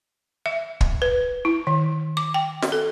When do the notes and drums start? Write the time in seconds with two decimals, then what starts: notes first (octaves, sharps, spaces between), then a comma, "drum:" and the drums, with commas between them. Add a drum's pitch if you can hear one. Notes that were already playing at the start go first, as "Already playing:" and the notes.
0.46 E5
0.81 drum: kick
1.02 B4
1.45 E4
1.67 D#3
2.17 D6
2.34 G5
2.62 drum: snare
2.72 A4